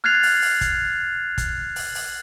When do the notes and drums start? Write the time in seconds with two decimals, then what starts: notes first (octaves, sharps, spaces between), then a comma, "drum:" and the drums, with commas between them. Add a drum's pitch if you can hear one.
0.04 F6 F#6 G#6 A6 C7 F7
0.23 drum: open hi-hat
0.42 drum: open hi-hat
0.61 drum: kick, hi-hat
1.38 drum: kick, hi-hat
1.76 drum: open hi-hat
1.95 drum: open hi-hat